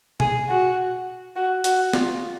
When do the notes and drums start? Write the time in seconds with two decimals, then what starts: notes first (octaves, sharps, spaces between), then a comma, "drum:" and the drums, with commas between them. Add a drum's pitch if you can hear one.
0.20 G#4, drum: tom B2
0.49 F#4
1.36 F#4
1.64 F#4, drum: hi-hat
1.93 F4, drum: snare